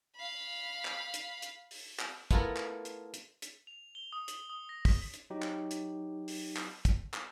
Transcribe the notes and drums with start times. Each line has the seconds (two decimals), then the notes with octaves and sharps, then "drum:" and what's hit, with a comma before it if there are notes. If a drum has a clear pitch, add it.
0.16 F5 B5
0.85 drum: clap
1.14 drum: hi-hat
1.42 drum: hi-hat
1.71 drum: open hi-hat
1.99 drum: clap
2.31 A3 B3 E4 F4 A4 A#4, drum: kick, hi-hat
2.57 drum: clap
2.85 drum: hi-hat
3.14 drum: hi-hat
3.42 drum: hi-hat
3.67 F7
3.95 G7
4.12 D#6
4.28 F#7, drum: hi-hat
4.50 D#6
4.69 A#6
4.85 B6, drum: kick, open hi-hat
5.14 drum: hi-hat
5.30 F#3 D#4 G4
5.42 drum: clap
5.71 drum: hi-hat
6.28 drum: open hi-hat
6.56 drum: clap
6.85 drum: kick, hi-hat
7.14 drum: clap